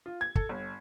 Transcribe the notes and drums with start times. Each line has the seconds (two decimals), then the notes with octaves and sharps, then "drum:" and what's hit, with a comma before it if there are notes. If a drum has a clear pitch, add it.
0.06 F4
0.21 G#6
0.35 A4, drum: kick
0.49 G1